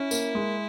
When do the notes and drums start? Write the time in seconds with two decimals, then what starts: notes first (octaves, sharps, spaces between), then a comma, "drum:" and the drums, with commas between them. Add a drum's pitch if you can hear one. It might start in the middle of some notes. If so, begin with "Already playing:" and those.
Already playing: C#4 E4
0.11 A#3, drum: tambourine
0.35 G#3